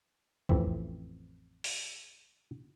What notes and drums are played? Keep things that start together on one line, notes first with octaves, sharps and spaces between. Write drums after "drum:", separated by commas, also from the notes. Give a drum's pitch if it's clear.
A1 F2 E3 C4, drum: kick
drum: open hi-hat